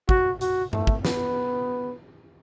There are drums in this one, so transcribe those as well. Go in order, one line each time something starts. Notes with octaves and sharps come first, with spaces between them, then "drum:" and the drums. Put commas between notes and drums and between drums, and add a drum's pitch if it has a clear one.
F#4, drum: kick
F#4, drum: hi-hat
A3, drum: tom G2
drum: kick
B3, drum: snare